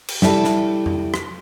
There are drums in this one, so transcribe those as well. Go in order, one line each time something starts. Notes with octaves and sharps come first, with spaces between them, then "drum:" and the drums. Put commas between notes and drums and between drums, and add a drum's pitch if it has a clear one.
drum: cymbal
G3 E4 A4, drum: snare
drum: snare
drum: tom F2
drum: rim click